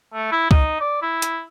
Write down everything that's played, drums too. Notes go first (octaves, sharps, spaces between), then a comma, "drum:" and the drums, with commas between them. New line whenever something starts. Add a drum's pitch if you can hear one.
A3
E4
D#4, drum: kick
D5
E4
drum: hi-hat